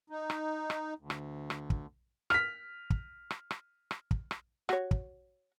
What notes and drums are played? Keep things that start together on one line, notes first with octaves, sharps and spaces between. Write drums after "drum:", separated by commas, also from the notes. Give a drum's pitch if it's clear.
D#4
drum: rim click
drum: rim click
D2
drum: rim click
drum: rim click
drum: kick
F6 B6, drum: rim click
drum: kick
drum: rim click
drum: rim click
drum: rim click
drum: kick
drum: rim click
F#4 C#5, drum: rim click
drum: kick